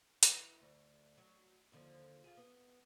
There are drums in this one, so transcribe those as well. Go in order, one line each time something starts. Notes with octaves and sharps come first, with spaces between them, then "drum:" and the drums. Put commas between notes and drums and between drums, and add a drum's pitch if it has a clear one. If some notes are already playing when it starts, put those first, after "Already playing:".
E3, drum: hi-hat
D2
F#3
D#2 D3 F3
F4 G#4
B3